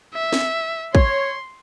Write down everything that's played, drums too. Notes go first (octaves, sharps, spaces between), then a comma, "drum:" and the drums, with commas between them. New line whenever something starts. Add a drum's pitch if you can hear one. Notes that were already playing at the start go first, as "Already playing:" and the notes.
E5
drum: snare
C#5 C6, drum: kick